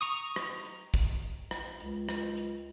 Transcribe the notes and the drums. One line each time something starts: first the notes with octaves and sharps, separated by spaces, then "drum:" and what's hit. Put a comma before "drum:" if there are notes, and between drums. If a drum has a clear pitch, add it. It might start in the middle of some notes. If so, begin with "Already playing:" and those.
A#5 C#6 D#6
drum: rim click
drum: hi-hat
drum: kick, hi-hat
drum: hi-hat
drum: rim click
C#2, drum: hi-hat
drum: rim click
drum: hi-hat